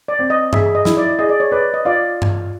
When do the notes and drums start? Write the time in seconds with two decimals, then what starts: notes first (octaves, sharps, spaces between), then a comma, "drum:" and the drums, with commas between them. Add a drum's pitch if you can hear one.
0.08 D5
0.19 C4
0.30 D#5
0.53 G#4 E5, drum: tom G2
0.75 D#5
0.85 E4, drum: snare
0.97 D5
1.19 G#4 D#5
1.29 D5
1.40 C#5
1.51 B4 D5
1.74 D#5
1.85 F4 D5
2.22 drum: tom G2